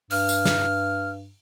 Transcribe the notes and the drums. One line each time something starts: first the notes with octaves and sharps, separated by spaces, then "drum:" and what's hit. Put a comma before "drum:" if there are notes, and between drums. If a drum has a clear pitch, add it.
G2 F6, drum: open hi-hat
drum: tambourine
drum: snare